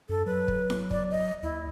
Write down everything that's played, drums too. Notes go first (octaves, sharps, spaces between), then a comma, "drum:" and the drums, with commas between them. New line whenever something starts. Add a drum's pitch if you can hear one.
F#2 A4
F#3 B4
drum: kick
drum: snare E4
D5, drum: kick
D#5
D#2 E4